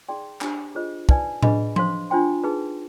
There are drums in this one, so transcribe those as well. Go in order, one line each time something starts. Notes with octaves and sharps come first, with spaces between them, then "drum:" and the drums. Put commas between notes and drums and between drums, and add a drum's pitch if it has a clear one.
D#4 G#4 D5 G5 C6
D4 G4 C5, drum: clap
F4 G#4 C5 D#5
D#4 B4 D5 F5 G#5, drum: kick
D4 G#4 B4 D#5 B5, drum: tom A2
C5 F5 C6, drum: tom F3
D4 F4 C5 G5 C6
D#4 G#4 B4